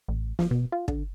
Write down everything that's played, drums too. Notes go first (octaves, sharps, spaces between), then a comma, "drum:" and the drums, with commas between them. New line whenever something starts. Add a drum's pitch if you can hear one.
A1
F3, drum: snare
B2
F4
D3, drum: kick